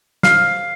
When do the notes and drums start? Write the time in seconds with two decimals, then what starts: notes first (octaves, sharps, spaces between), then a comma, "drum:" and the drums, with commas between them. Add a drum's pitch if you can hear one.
0.23 F5, drum: snare